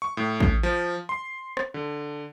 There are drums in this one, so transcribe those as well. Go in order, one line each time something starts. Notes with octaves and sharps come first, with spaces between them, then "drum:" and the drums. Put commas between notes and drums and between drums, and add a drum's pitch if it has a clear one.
C#6
A2
drum: kick A1
F3
C6
drum: rim click
D3